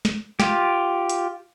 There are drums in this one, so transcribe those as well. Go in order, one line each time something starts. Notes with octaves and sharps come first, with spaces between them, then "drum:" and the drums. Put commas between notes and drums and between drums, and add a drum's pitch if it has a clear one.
drum: snare
F4 G4, drum: snare
drum: hi-hat